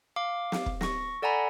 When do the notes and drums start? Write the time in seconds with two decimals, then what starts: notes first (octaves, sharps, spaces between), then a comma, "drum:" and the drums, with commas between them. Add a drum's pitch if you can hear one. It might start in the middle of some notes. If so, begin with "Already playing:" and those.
0.16 F5 D6
0.52 drum: snare
0.66 drum: kick
0.81 C#6 A#6, drum: snare
1.22 A4 D5 F#5 G#5 A#5 B5